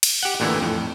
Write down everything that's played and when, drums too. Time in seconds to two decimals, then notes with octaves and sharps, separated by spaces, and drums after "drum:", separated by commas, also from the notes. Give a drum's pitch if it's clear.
0.03 drum: cymbal
0.23 G4 F#5
0.40 A1 A#2 D3 E3
0.60 F2 A2